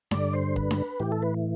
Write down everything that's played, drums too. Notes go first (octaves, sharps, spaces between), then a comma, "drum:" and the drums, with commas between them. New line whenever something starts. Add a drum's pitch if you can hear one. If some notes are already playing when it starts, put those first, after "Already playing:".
G2 D3 D5, drum: snare D4
C5
B4, drum: kick
drum: snare D4
A2 E3 G4
A4
B4